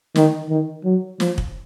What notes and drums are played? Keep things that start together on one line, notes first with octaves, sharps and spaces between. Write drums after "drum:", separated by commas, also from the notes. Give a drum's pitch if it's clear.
D#3, drum: snare
D#3
F#3
F3, drum: snare
drum: kick